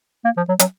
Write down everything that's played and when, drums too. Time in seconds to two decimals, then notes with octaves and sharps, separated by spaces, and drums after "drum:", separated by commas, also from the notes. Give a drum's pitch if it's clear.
0.25 A#3
0.37 F3
0.48 F#3
0.59 F#3, drum: hi-hat